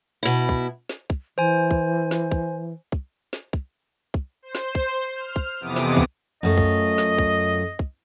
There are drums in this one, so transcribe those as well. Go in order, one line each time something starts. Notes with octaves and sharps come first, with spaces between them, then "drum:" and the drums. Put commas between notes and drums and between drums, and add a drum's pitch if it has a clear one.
B2 E4
drum: kick
drum: snare
drum: kick
E3 C5 G#5
drum: kick
drum: snare
drum: kick
drum: kick
drum: snare
drum: kick
drum: kick
C5
drum: snare
drum: kick
F6
drum: kick
F2 C3 E3 B3 D6 D#6
drum: snare
drum: kick
F#2 A3 F4 D#5
drum: kick
drum: snare
drum: kick
drum: kick